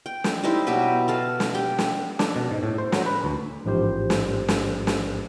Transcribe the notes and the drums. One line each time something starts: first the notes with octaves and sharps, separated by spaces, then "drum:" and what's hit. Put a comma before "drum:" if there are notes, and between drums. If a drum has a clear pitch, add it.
G5
drum: snare
G3 D#4 E4 C5
B2 F#3 G4 B4
A4 F5 F#5
drum: snare
G4 G5
drum: snare
D4, drum: snare
B2
G#2
A2
C5
F#3, drum: snare
B4
D2
A1 G#2 F3 G4 C5
drum: snare
drum: snare
drum: snare